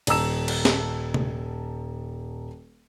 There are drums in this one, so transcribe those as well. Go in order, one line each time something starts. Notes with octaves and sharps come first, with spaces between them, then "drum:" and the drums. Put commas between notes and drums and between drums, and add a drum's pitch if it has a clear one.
D#1 A5 A#5 E6 E7, drum: cymbal
drum: cymbal
drum: snare
drum: tom C3